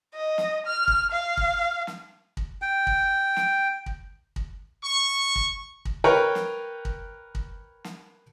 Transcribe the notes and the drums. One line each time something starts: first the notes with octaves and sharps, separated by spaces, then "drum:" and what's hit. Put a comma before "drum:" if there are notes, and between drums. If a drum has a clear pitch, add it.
D#5
drum: snare
F6
drum: kick
F5
drum: kick
drum: snare
drum: kick
G5
drum: kick
drum: snare
drum: kick
drum: kick
C#6
drum: kick
drum: kick
A#4 B4 C#5 G5 A#5
drum: snare
drum: kick
drum: kick
drum: snare